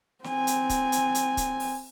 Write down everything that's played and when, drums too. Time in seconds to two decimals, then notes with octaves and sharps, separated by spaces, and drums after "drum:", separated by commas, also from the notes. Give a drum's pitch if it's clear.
0.24 C4 G#5, drum: snare
0.47 drum: hi-hat
0.69 drum: kick C#1, hi-hat
0.92 drum: hi-hat
1.15 drum: hi-hat
1.37 drum: kick C#1, hi-hat
1.60 drum: open hi-hat